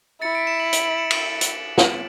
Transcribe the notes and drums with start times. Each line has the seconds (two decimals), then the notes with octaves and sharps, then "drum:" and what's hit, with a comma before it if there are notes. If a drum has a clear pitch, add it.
0.22 E4 A6 C#7
0.35 B6 D7
0.47 C#7 E7
0.60 D7 F#7
0.73 D7 F#7, drum: hi-hat
0.85 D7 F#7
0.98 C#7 E7
1.11 D7 F#7, drum: cymbal
1.41 drum: hi-hat
1.78 drum: snare